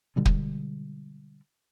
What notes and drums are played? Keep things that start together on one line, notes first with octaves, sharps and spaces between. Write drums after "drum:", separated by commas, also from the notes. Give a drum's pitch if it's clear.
B2 D3 G3 G#3
drum: kick